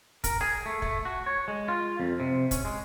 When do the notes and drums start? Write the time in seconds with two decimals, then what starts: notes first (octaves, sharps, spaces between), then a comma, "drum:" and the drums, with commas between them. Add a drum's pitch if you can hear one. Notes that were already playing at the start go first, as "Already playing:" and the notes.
0.24 A#4, drum: kick, hi-hat
0.41 G#4, drum: rim click
0.66 A3
0.82 A3, drum: kick
1.05 F#4
1.26 C#5
1.48 G#3
1.68 F4
1.99 F2
2.20 C3
2.51 C#4, drum: kick, hi-hat
2.65 G#3